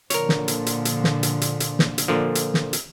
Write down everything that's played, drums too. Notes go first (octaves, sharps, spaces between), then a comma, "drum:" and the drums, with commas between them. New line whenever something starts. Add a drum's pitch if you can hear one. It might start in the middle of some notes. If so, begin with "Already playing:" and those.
A#2 D3 F3 A#4 C#5, drum: hi-hat
drum: snare
drum: hi-hat
drum: hi-hat
drum: hi-hat
drum: snare
drum: hi-hat
drum: hi-hat
drum: hi-hat
drum: snare
drum: hi-hat
A#2 D3 F3
drum: hi-hat
drum: snare
drum: hi-hat